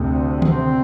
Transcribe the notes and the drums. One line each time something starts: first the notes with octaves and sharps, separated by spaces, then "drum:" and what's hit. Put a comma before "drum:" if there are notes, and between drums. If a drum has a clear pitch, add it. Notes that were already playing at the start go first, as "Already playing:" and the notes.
Already playing: D2 C3
C4, drum: tom D3